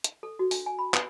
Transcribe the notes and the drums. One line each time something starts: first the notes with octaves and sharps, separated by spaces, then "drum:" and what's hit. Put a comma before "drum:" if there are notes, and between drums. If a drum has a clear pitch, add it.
drum: hi-hat
A4
F#4
D4, drum: open hi-hat
G#5
B5
B4, drum: clap